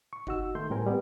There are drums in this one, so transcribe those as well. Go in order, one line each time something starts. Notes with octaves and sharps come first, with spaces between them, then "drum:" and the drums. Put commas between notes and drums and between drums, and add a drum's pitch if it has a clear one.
C#6
D#4 F#4 E6, drum: kick F#1
D#3 A3 C6 G6
A2 G3 C4 A#4 G#5
G3 B3